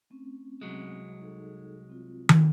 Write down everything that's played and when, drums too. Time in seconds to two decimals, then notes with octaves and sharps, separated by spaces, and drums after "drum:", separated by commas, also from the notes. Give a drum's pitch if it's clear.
0.10 A3 C4 C#4
0.61 C2 F#3 G#3
1.21 D#4 G#4 A4
1.90 C4 F4 F#4
2.29 drum: tom D#3